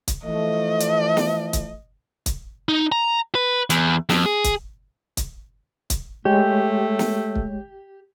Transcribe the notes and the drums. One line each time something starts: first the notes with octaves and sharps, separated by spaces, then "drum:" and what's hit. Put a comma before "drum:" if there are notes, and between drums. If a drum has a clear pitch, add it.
drum: kick, hi-hat
E3 F3 A3 D#5
drum: hi-hat
drum: snare
drum: kick, hi-hat
drum: kick, hi-hat
D#4
A#5
B4
E2, drum: hi-hat
F2, drum: snare
G#4
drum: kick, hi-hat
drum: kick, hi-hat
drum: kick, hi-hat
G#3 A3 G4 C#5
drum: snare
drum: kick